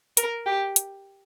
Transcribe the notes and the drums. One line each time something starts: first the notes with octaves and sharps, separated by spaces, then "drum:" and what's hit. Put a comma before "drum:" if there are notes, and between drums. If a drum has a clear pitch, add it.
A#4, drum: hi-hat
G4
drum: hi-hat